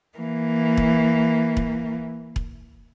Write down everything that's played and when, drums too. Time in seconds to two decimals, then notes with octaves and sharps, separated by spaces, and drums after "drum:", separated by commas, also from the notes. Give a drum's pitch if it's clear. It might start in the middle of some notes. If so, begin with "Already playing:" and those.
0.18 E3 A#3
0.77 drum: kick E1
1.57 drum: kick E1
2.36 drum: kick E1